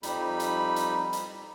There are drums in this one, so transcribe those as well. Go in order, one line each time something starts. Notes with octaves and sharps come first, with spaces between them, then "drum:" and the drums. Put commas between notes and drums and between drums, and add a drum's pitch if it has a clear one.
F2 G3 D#4 B5, drum: hi-hat
drum: hi-hat
drum: hi-hat
drum: hi-hat